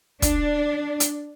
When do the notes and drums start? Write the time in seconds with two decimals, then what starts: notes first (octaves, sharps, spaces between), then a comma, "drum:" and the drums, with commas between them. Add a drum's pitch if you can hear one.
0.22 D4, drum: kick, hi-hat
1.00 drum: hi-hat